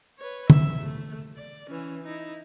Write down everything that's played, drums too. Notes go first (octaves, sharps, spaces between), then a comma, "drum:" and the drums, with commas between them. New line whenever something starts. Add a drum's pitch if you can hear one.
B4 C#5
E5, drum: tom
A3
D5
E3 C#4
D#4 E4